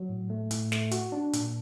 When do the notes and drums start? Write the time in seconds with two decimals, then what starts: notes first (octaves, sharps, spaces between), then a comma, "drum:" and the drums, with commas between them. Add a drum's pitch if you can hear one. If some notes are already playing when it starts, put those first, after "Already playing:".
Already playing: F#3
0.09 A2
0.30 A3
0.51 A2, drum: hi-hat
0.72 A3, drum: snare
0.91 F#4, drum: hi-hat
1.12 D4
1.33 A#2, drum: hi-hat